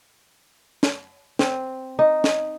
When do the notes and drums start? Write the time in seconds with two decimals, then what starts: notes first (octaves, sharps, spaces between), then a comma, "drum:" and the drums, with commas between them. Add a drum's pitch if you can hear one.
0.83 drum: snare
1.39 C4, drum: snare
1.99 D#4
2.24 drum: snare